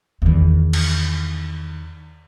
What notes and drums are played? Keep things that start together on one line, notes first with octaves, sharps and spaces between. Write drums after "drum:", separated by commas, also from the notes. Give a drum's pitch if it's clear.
E2 D#3
drum: cymbal